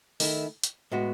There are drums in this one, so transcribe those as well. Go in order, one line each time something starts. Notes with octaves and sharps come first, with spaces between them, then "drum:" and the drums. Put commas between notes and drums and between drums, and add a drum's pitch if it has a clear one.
D#3 A3 E4, drum: open hi-hat
drum: hi-hat
A2 G#3 B3 F#4